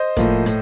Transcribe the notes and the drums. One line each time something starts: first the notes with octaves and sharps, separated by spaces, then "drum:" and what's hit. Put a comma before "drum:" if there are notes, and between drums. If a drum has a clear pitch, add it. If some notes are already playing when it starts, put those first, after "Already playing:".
Already playing: C5 D#5
A2 F3 A#3, drum: kick, hi-hat
A2, drum: hi-hat